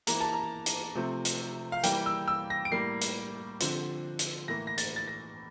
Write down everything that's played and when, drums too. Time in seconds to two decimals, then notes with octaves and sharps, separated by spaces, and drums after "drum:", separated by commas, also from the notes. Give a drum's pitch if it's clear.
0.07 E3 A#3 A#5, drum: hi-hat
0.21 A5
0.33 A#5
0.66 drum: hi-hat
0.95 C3 F3 A3 C4
1.25 drum: hi-hat
1.72 F5
1.83 E3 G3 A#3 G5, drum: hi-hat
2.06 E6
2.28 E6
2.50 A#6
2.65 D7
2.72 A2 G3 A#3 C7
3.01 drum: hi-hat
3.60 D3 F3 C4, drum: hi-hat
4.19 drum: hi-hat
4.48 A2 E3 A#3 A#6
4.67 A#6
4.78 A6, drum: hi-hat
4.96 A6
5.08 A#6